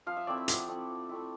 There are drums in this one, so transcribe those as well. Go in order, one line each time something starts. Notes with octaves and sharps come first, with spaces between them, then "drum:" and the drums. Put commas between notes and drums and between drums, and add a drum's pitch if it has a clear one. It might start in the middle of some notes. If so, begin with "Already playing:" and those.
F3 F5
E5
A3 C4 E4 D5
E5
F3 F#5, drum: hi-hat
A3 C4 E4
F3
A3 C4 E4